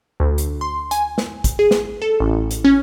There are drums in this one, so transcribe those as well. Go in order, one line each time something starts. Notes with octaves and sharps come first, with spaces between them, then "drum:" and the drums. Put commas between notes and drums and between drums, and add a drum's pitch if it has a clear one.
D2
drum: hi-hat
C6
G#5, drum: hi-hat
drum: snare
drum: kick, hi-hat
G#4
drum: snare
A4
A1
drum: hi-hat
C#4